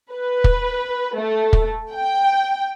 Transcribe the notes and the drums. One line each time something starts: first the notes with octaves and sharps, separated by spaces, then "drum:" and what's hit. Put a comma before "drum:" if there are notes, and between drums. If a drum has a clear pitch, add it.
B4
drum: kick
A3
drum: kick
G5